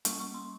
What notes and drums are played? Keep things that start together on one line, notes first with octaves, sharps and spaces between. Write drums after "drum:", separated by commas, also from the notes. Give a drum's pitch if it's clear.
G3 A#3 C#4 C#6, drum: hi-hat
C#6
C6